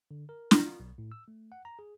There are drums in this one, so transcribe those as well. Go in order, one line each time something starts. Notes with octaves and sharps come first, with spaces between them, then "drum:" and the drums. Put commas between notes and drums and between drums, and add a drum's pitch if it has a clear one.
D3
A#4
A#6, drum: snare
F4
B1
A2
E6
A3
F#5
A#5
G#4